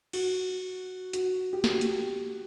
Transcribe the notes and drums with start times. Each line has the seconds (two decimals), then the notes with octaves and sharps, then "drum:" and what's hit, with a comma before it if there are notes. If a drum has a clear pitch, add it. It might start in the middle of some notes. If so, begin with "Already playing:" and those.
0.13 F#4, drum: cymbal
1.13 F#4, drum: hi-hat
1.53 G4
1.64 F#4, drum: snare
1.81 drum: hi-hat